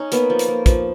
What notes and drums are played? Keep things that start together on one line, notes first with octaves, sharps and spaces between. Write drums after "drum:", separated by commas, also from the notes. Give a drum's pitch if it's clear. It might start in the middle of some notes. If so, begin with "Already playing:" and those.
Already playing: C#4 D#4
A#3 B3, drum: hi-hat
F3
drum: hi-hat
A#3
F3, drum: kick, hi-hat